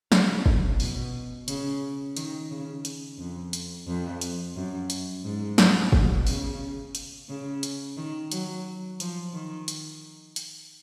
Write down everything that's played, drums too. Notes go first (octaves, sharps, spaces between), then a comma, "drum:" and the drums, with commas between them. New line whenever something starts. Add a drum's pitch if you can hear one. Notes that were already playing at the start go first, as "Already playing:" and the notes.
C#3, drum: snare
drum: kick
B2, drum: open hi-hat
C#3, drum: hi-hat
D#3, drum: hi-hat
C#3
drum: hi-hat
F2
drum: hi-hat
F2
drum: hi-hat
F#2
drum: hi-hat
G#2
drum: snare
B2, drum: kick
C#3, drum: open hi-hat
drum: hi-hat
C#3
drum: hi-hat
D#3
F#3, drum: hi-hat
F3, drum: hi-hat
D#3
drum: hi-hat
drum: hi-hat